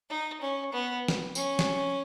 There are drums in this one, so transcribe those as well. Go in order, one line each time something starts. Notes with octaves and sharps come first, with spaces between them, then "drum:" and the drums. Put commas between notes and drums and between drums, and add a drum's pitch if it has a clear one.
D#4
C#4
B3
drum: snare
C#4, drum: tambourine
drum: snare